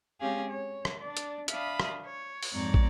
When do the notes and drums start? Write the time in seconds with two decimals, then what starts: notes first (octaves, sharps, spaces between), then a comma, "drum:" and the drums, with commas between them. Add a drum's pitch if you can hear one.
0.20 G#3 C4 C#4 G4 G#4 F5
0.50 C#5
0.85 drum: rim click
1.01 D4 D5
1.17 drum: hi-hat
1.48 D4 E5 F5 B5 D#6, drum: hi-hat
1.80 drum: rim click
2.05 C#5
2.43 drum: open hi-hat
2.52 F2 G#2 C4 C#5 D5 A#5
2.74 drum: kick